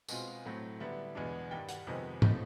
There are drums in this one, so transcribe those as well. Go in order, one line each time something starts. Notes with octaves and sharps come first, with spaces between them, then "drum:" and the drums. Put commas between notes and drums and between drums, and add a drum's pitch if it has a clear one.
B2 G#3 C4 F4, drum: tambourine
A2 F#3 A3 C4
D3 G3 B3 E4
E2 B2 G#3 B3 D4
G2 D#3 G3 G5
F#5, drum: hi-hat
F2 C3 D#3 G#3 B3
A2 F3 A3 C4 D#4, drum: tom G#2